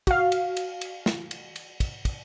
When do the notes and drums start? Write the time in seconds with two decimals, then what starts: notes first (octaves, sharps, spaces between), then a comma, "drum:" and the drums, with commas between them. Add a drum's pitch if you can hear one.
0.07 F#4 F5, drum: kick, cymbal
0.32 drum: cymbal
0.57 drum: cymbal
0.81 drum: cymbal
1.06 drum: snare
1.31 drum: cymbal
1.56 drum: cymbal
1.80 drum: kick, cymbal
2.05 drum: kick, cymbal